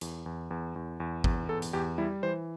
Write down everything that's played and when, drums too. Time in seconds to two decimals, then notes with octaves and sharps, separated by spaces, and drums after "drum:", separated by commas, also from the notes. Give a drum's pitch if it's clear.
0.01 E2, drum: hi-hat
0.26 E2
0.51 E2
0.76 E2
1.00 E2
1.24 E2, drum: kick
1.49 E2 A4
1.62 drum: hi-hat
1.73 E2 G4
1.98 G3 E4
2.23 E3 C5